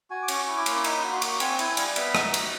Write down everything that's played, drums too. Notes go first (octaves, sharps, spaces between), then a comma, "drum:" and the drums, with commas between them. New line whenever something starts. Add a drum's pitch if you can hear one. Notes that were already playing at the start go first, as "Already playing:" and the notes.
F#4 G#5
D6
C#4 C#6, drum: cymbal
E4 C#6
D6
A#3 C6, drum: cymbal
D#4 B5, drum: cymbal
F#4 B5
C6
A#3 C#6, drum: cymbal
C4 G#5, drum: cymbal
E4 G#5, drum: cymbal
G3 F5, drum: cymbal
B3 E5, drum: cymbal
D#4, drum: rim click
F#4, drum: cymbal